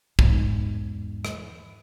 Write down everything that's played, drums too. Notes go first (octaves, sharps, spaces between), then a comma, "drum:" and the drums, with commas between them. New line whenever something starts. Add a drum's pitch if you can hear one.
E2 G#2, drum: kick
drum: rim click